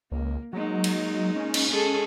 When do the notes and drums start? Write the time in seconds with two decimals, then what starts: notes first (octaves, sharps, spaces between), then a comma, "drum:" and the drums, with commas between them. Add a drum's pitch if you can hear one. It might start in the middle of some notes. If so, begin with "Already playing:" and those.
0.12 C#2 A#3
0.53 F#3 G#3 A#3 D#4
0.84 drum: cymbal
1.36 C#4
1.54 drum: cymbal
1.71 G#3 G#4 A4